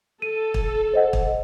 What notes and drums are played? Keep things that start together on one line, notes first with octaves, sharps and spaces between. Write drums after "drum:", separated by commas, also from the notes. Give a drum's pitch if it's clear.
A4 D#7
drum: kick
C5 D#5 F#5
drum: kick